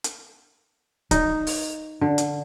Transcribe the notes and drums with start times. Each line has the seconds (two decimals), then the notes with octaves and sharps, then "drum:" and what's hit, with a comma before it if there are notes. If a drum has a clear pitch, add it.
0.04 drum: hi-hat
1.11 D#4, drum: kick D1, hi-hat
1.47 drum: open hi-hat
2.01 D3
2.18 drum: hi-hat